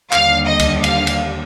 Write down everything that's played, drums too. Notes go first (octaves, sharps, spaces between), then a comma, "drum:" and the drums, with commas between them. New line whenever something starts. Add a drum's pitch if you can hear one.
D#2 D3 G3 F5, drum: clap
D#5
drum: kick C#2, cymbal
F5, drum: cymbal
drum: cymbal